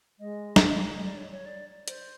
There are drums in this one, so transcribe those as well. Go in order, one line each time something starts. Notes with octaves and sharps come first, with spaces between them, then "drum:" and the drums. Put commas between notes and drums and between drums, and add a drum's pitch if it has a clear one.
G#3 D#5
drum: snare
D5
C#5
C#5
D5
C5, drum: hi-hat